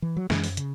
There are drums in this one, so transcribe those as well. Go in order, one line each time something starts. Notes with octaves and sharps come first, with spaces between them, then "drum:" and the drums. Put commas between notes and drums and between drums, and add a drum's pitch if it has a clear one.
E3
F#3
F#2 E3 G#3, drum: snare
drum: open hi-hat
C#3, drum: hi-hat